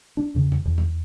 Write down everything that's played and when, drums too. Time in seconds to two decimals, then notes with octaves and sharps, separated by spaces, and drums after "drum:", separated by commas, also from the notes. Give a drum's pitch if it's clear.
0.17 D4
0.34 E2 C#3
0.52 drum: tom
0.65 E2
0.78 drum: tom